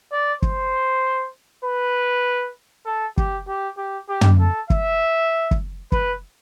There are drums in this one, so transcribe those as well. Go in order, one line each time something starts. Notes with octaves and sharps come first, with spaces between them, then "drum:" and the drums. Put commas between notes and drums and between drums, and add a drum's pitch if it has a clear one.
D5
C5, drum: kick
B4
A4
G4, drum: kick
G4
G4
G4
drum: tom
A4
E5, drum: kick
drum: kick
B4, drum: kick